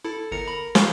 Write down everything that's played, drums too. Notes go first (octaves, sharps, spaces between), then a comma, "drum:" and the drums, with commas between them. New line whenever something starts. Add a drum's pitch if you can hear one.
E4 A4
G1 A#4 C#7
B5
G4 F5 B5 C#6, drum: snare